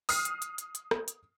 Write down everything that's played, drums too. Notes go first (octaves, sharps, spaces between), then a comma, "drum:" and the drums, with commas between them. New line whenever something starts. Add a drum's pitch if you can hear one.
D#6 F6 C7, drum: open hi-hat
drum: hi-hat
drum: hi-hat
drum: hi-hat
drum: hi-hat
drum: rim click
drum: hi-hat